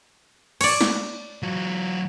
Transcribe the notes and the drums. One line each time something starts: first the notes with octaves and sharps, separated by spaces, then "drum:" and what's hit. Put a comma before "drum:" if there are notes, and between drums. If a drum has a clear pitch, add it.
C#5 D5, drum: cymbal
drum: snare
F#3 F4